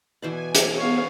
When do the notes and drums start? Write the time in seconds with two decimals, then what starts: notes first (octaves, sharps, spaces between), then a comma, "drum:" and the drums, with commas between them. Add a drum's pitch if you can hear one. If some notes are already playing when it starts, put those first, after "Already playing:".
0.22 B2 E3 C5 D5 G#5
0.55 drum: hi-hat
0.77 B3 C#5 F5